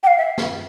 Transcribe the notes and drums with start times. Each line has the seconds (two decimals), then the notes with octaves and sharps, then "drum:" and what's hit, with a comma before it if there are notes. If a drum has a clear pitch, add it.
0.03 G5
0.07 F5
0.17 E5
0.38 drum: snare